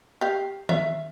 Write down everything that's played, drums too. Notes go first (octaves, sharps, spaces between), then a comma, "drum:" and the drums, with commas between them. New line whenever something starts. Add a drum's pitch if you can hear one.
G4 F5
E5 F5, drum: tom D#3